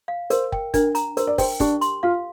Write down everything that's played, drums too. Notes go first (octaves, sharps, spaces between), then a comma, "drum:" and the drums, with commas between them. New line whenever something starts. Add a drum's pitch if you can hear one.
F5
A#4 C5, drum: hi-hat
G5, drum: kick
D4 A#4, drum: kick, hi-hat
A#5, drum: hi-hat
A#4 C5, drum: hi-hat
D5
C5 G5, drum: kick, open hi-hat
D4 G4, drum: kick, hi-hat
C6, drum: hi-hat
F4 F5